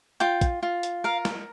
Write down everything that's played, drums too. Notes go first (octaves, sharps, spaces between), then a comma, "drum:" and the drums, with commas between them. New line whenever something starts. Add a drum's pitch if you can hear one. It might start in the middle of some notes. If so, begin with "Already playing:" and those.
F4 G5
drum: kick, hi-hat
F4
drum: hi-hat
A#4 F5
drum: snare